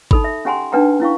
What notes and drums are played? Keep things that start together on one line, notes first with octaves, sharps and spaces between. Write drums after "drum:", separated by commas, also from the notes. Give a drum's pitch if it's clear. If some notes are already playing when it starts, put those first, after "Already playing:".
D#4 A4 B5, drum: kick G#1
E5
C#4 G4 F#5 G#5 A#5 C6
D4 D#4 B4 F#5 G5 A#5
C#4 E4 F5 C#6